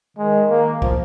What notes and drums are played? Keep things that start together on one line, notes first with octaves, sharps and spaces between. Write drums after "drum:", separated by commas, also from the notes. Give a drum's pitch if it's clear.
D#3 G#3
A#3
F3, drum: kick